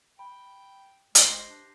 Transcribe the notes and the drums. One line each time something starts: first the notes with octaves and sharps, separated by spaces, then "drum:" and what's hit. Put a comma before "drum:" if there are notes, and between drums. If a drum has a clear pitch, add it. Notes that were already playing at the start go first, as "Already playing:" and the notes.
G5 B5
G#3 G4 C5 A#6 C7, drum: hi-hat
D4